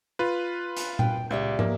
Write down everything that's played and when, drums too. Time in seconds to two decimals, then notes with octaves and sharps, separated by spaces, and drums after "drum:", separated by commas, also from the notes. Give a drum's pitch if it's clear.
0.19 F4 B4
0.77 drum: hi-hat
0.99 G5, drum: tom A#2
1.31 C#2 G4 D5 E5
1.59 A#3, drum: tom